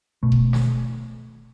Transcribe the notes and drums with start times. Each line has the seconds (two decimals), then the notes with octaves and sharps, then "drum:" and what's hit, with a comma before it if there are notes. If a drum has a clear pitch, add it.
0.23 B2 A3
0.32 drum: kick D#1
0.53 drum: snare